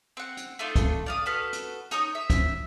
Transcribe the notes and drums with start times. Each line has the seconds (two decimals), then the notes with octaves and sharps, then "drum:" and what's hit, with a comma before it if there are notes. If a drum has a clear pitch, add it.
0.17 C4 F#5
0.37 drum: hi-hat
0.59 A3 D4 D#4 F4
0.76 drum: kick, hi-hat
1.06 D5 F5 D#6
1.26 F#4 A4 B4 F6
1.53 drum: hi-hat
1.91 D#4 C#5 A#5 D#6, drum: hi-hat
2.15 E5
2.30 drum: kick, hi-hat